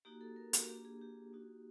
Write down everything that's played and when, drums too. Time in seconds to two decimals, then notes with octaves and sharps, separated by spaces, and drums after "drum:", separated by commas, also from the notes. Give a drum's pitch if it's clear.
0.05 A#3 D#4 F#4 G4
0.21 A4
0.36 A#4
0.53 F#4, drum: hi-hat
0.69 A#3 D4 F4 G4
0.85 G#4
1.01 G4
1.33 A#3 D#4 F#4